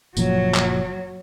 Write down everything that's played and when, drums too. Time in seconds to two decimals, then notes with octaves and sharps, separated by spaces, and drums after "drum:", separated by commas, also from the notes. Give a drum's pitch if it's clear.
0.17 F#1 A#2 F3 F#3, drum: tambourine
0.54 drum: clap